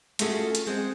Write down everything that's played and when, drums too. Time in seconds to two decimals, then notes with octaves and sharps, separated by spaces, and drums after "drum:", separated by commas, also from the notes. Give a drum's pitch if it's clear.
0.19 A3 C#4 F4 F#4 G#4 A4, drum: hi-hat
0.55 drum: hi-hat
0.67 G#3 C4 G#4 C5 F#5